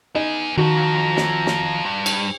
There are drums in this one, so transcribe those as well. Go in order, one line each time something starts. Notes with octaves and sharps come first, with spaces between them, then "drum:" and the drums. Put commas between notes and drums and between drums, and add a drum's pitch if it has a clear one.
B3 D#4 G#4
F2 D#3 F3 F#4 A#5
drum: snare
drum: snare
G2
drum: cymbal